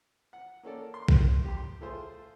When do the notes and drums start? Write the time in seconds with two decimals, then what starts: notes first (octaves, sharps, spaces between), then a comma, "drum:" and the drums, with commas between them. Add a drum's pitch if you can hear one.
0.33 F#5
0.63 A#3 C#4 A4 D5
0.94 C6
1.08 drum: kick A#1
1.44 G4 G5 C6
1.81 A3 F4 G#4 C5